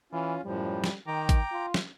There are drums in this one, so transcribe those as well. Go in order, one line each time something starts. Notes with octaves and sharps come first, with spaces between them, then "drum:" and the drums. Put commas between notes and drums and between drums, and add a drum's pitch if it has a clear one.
E3 C#4 F4
F#2 A2 F3 G3
drum: snare
D#3 G5 A#5 D6
drum: kick, hi-hat
F4
drum: snare